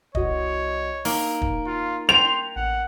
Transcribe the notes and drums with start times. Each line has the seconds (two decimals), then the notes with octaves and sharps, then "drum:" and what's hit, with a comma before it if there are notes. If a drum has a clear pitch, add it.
0.15 C2 F#4 C#5 D#5, drum: kick
1.05 A#3 D#4, drum: open hi-hat
1.42 drum: kick
1.67 F4
2.09 G5 C6 F7
2.56 A1 F#5